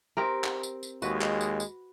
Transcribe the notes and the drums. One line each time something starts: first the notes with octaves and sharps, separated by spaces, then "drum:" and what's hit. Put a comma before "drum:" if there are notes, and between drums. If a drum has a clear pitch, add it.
C4 G4 A#4
drum: clap
drum: tambourine
drum: tambourine
D#2 G#3 F#4 B4, drum: tambourine
drum: clap
drum: tambourine
drum: tambourine